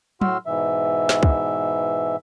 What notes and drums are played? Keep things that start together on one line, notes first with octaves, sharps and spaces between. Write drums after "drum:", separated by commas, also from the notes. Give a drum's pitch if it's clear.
A2 F#4 C6 E6 F6, drum: tom
G#2 B2 E3 E5
drum: snare
drum: kick